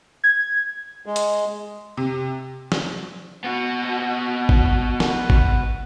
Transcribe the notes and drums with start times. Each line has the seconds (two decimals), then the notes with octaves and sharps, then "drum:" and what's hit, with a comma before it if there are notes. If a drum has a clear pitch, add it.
0.24 G#6
1.06 G#3
1.16 drum: hi-hat
1.97 C3
2.72 drum: snare
3.44 B3 F#4
4.49 drum: kick G#1
5.00 drum: snare
5.30 drum: kick G#1